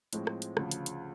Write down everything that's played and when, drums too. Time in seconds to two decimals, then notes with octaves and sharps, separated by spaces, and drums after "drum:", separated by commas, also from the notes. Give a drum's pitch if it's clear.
0.13 A2 F3 G#3 C4, drum: hi-hat
0.27 drum: rim click
0.42 drum: hi-hat
0.57 D2 C#3 F3, drum: rim click
0.71 drum: hi-hat
0.86 drum: hi-hat